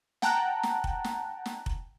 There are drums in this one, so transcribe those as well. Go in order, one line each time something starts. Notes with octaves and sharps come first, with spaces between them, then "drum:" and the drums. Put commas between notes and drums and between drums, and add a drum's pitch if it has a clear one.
F#5 G5 A5 A#5 F#6, drum: snare
drum: snare
drum: kick F1
drum: snare
drum: snare
drum: kick F1